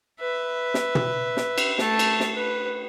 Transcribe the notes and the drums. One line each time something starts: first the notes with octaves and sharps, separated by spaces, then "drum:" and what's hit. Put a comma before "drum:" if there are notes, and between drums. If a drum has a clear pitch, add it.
B4 E5
drum: snare
drum: tom
drum: snare
drum: cymbal
A3 A5, drum: snare
drum: cymbal
drum: snare
B4